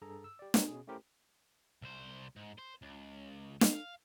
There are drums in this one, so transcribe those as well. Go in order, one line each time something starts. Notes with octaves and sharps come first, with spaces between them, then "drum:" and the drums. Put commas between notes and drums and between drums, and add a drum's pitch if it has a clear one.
G2 G#4 A4 A#5
E6
G4 D5
C4 D4 F#4 A#4 B4 C#5, drum: snare
B2 C#4 G#4
A3 C#4 E4 G4 A#4 C5
C2 C5
G#2
C5
C#2
F5, drum: snare